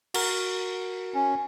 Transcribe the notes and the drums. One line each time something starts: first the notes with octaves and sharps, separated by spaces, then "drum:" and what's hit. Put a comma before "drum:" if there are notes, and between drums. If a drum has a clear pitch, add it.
F#4 A#4, drum: cymbal
C#4